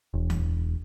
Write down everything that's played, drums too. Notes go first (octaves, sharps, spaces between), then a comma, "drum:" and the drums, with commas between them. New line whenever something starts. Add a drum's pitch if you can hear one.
E1
drum: tom D2